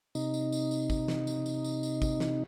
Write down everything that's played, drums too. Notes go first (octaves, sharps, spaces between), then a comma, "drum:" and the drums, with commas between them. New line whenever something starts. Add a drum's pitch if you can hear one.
C3 D#4, drum: tambourine
drum: tambourine
drum: tambourine
drum: tambourine
drum: kick, tambourine
drum: snare
drum: tambourine
drum: tambourine
drum: tambourine
drum: tambourine
drum: kick, tambourine
drum: snare